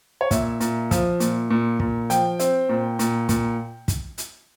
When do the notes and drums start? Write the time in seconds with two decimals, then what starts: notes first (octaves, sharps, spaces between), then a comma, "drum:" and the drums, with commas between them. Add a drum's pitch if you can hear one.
0.21 C#5
0.31 A#2 E5, drum: kick, hi-hat
0.60 A#2, drum: hi-hat
0.91 F3, drum: kick, hi-hat
1.20 A#2, drum: hi-hat
1.50 A#2
1.80 A#2, drum: kick
2.10 F3 G5, drum: hi-hat
2.39 C4, drum: hi-hat
2.69 A#2
2.99 A#2, drum: hi-hat
3.29 A#2, drum: kick, hi-hat
3.88 drum: kick, hi-hat
4.18 drum: hi-hat